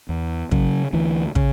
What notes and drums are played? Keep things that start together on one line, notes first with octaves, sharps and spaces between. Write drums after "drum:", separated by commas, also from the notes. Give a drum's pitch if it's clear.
E2
C#3 F#3, drum: kick
D2 E3
C#3, drum: kick